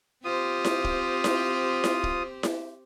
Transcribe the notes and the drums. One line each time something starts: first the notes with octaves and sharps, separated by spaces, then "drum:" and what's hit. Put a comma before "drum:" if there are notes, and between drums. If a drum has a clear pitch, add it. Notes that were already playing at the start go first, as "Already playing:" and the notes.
C4 F4 G4 C5 D#6
drum: snare E4
drum: kick
drum: snare E4
drum: snare E4
drum: kick
drum: snare E4